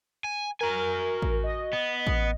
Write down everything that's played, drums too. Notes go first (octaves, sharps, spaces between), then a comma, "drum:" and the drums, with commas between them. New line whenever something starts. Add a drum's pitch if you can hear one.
G#5
F#4 A#4 G#5
drum: kick A1
D#5
B3
drum: kick A1